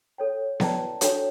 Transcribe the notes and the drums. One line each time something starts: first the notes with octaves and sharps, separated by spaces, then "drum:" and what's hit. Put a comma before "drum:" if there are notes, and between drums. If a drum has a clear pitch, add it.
A4 C#5 G5
C#4 E4 B4 D5 A5, drum: snare B3
D4 F#4 A4 C#5 G5, drum: hi-hat